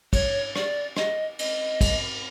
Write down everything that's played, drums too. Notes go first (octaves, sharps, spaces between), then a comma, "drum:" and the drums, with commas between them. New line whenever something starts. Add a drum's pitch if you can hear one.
C#5, drum: kick, cymbal
D5, drum: rim click
D#5, drum: rim click
D#5, drum: cymbal
drum: kick, cymbal